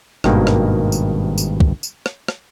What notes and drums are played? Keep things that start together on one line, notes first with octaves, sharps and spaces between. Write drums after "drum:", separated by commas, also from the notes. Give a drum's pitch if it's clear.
G#1 G2 B2 D#3 A#3 G5, drum: rim click
drum: rim click
drum: tambourine
drum: tambourine
drum: kick
drum: tambourine
drum: rim click
drum: rim click